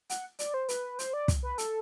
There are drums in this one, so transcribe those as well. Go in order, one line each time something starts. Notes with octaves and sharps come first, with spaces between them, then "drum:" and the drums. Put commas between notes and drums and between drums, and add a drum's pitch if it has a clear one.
F#5, drum: hi-hat
D5, drum: hi-hat
C5
B4, drum: hi-hat
C5, drum: hi-hat
D5
drum: kick, hi-hat
B4
A4, drum: hi-hat